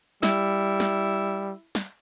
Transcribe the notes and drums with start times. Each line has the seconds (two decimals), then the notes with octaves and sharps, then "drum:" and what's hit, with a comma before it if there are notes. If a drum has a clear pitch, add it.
0.23 G3 E4, drum: snare
0.80 drum: snare
1.75 drum: snare